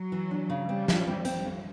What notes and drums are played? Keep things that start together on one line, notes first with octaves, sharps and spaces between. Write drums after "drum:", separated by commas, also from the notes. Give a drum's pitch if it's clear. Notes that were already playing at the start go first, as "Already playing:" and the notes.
Already playing: F#3
E3
D4
C#3
G3 C4
F3, drum: snare
C4
C4, drum: hi-hat
F2